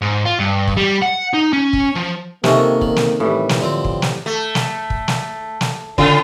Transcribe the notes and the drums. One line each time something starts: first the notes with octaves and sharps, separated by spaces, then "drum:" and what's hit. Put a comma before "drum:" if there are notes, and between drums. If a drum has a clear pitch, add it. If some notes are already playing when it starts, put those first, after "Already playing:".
G#2
F4
G2
drum: kick
G3
F#5
D#4
C#4
drum: kick
F3
C3 D#3 A#3 C#4 A4 C#5 D#5, drum: snare
D#3, drum: kick
drum: snare
A2 E3 G3
drum: snare
D3 F3 C4
drum: kick
drum: snare
A3
drum: snare
drum: kick
drum: snare
drum: snare
C#3 F4, drum: kick